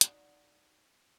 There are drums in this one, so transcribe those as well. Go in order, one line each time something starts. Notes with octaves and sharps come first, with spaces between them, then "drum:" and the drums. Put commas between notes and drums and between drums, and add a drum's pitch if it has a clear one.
D#4 F#4 D5, drum: hi-hat